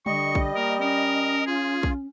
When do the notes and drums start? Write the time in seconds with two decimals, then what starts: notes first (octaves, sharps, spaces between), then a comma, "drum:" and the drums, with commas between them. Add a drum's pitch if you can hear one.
0.06 D3 G3 D#5 C#6, drum: tom G3
0.35 drum: kick A#1
0.56 A#3 A#4
0.81 C#4 A#4
1.47 F4 G#4
1.83 drum: kick A#1